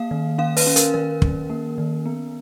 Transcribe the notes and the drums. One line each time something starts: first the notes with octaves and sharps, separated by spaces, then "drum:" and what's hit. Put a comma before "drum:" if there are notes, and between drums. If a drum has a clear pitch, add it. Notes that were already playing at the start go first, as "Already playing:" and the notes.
Already playing: A#3 F5
D#3
C#4 F5
B4, drum: open hi-hat
C#4
A#4, drum: hi-hat
D#3 A#4
D#3, drum: kick
A#3
D#3
B3